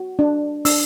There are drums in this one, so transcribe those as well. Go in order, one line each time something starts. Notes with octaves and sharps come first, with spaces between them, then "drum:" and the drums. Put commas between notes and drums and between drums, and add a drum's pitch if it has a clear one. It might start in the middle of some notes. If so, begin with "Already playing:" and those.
Already playing: F#4
D4
D4 E6, drum: open hi-hat